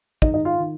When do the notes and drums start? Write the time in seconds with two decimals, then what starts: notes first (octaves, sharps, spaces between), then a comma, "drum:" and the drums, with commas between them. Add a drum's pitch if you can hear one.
0.22 G#2 D#3 D#4 D#5, drum: kick
0.34 D#4 D#5
0.45 F4 F5
0.58 D#3